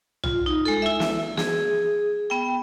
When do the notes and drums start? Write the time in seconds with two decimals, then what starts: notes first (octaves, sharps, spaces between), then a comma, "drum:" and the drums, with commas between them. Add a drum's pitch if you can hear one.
0.24 F4, drum: tom B1
0.46 D#4
0.65 G#3 A4
0.82 E4 E5
1.00 drum: snare
1.37 G#4, drum: snare
2.30 B3 G5